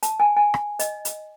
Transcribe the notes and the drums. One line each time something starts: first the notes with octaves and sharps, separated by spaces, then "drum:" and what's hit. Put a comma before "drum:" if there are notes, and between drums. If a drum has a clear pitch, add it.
A5, drum: hi-hat
G#5
G#5
drum: rim click
D#5, drum: hi-hat
drum: hi-hat